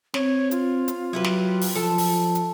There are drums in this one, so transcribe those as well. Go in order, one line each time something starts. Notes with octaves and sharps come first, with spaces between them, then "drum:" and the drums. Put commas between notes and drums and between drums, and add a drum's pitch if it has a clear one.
C4 C#5, drum: snare
F4, drum: hi-hat
drum: hi-hat
F#3 E4 G4 B4
drum: snare
drum: open hi-hat
F3 A4 A5
drum: open hi-hat
drum: hi-hat